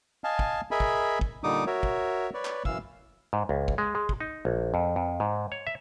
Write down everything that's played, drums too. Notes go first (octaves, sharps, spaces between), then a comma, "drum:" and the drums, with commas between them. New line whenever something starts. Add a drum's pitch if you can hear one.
D#5 F5 G#5 A5
drum: kick
G#4 A#4 D#5 E5 G#5 B5
drum: kick
drum: kick
A#2 D3 G3 D#4 D6 D#6
F#4 A#4 C#5 E5
drum: kick
B4 C#5 D5
drum: clap
F#2 E3 F5 E6, drum: kick
G#2
C#2
drum: kick
G#3
G#3
drum: kick
D#4
A#1
F2
F2
G#2
C#5
E5